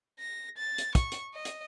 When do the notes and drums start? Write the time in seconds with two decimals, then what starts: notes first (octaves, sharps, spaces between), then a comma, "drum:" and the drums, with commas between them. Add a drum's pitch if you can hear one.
0.20 A#6
0.57 A6
0.78 drum: hi-hat
0.95 C#6, drum: kick, hi-hat
1.12 drum: hi-hat
1.34 D#5
1.45 drum: hi-hat